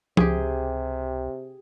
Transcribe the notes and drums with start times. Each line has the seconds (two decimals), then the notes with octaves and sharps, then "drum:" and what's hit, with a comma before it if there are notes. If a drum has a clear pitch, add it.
0.17 C#2 C3 G4 G#4, drum: tom